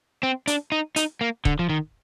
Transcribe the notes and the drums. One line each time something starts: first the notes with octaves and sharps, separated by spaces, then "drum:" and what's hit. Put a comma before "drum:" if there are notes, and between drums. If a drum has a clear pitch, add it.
C4
D4, drum: hi-hat
D#4
D#4, drum: hi-hat
A#3
D3, drum: kick
F3
D#3